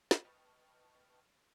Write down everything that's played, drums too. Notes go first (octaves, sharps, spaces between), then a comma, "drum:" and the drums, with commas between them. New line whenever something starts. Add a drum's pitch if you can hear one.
drum: snare
B4 D#5 G5 A5 C#6 F6